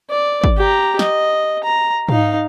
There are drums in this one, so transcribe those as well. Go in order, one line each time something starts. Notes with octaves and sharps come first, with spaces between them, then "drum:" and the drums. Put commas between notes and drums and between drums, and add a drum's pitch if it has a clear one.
D5
drum: kick
G4 A#5
D#5, drum: snare
A#5
D#4 F5, drum: tom G#2